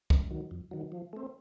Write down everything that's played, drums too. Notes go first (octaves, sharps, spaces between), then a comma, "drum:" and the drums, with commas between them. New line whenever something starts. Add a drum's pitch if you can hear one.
F2, drum: kick
D#3 F#3
F2
D#3 F#3
F3
A3 C4